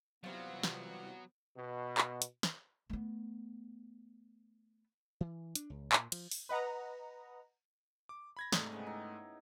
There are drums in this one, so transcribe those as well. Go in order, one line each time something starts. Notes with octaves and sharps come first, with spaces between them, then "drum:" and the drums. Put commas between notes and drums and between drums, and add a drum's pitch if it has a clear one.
C3 E3 F#3 G3 B3 F4 C5 F5
drum: snare
B2
drum: clap
drum: hi-hat
drum: snare
A3 B3
E3
D4, drum: hi-hat
C#2
A#2, drum: clap
F3, drum: cymbal
drum: open hi-hat
B4 D#5 F#5 A#5
D6
B5 G#6 A#6
G#2 C3 G3 A3 D#6, drum: snare
C#3 G#3 B3
D#4 E4 G4